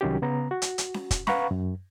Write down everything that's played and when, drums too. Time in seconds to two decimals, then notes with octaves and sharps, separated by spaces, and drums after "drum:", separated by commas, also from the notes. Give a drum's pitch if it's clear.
0.01 C2 D#3 F#3 C#4 F#4 G4
0.22 C#3 B3 A#5
0.51 F#4
0.62 drum: hi-hat
0.78 drum: hi-hat
0.94 drum: snare C#4
1.11 drum: kick, hi-hat
1.27 B4 F5 F#5 A#5 B5 C#6, drum: snare C#4
1.51 F#2